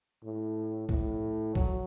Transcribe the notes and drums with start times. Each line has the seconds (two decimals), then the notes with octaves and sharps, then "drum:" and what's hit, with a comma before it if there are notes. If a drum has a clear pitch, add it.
0.23 A2
0.89 A2, drum: kick
1.55 F#3, drum: kick